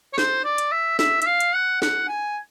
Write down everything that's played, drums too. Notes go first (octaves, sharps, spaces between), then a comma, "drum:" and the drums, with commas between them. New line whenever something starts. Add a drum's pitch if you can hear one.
C#5
C5, drum: snare
D5
drum: hi-hat
E5
E5, drum: snare
E5, drum: hi-hat
F5
drum: hi-hat
F#5
F#5, drum: snare
G#5